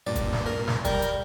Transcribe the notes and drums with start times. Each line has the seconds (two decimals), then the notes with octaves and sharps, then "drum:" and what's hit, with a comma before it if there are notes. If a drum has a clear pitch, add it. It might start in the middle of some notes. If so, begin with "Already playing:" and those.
0.07 G2 A#2 D5
0.16 drum: kick, hi-hat
0.33 drum: snare
0.46 A#4
0.67 drum: snare
0.85 G3 A#4 G6, drum: kick, hi-hat
1.02 drum: hi-hat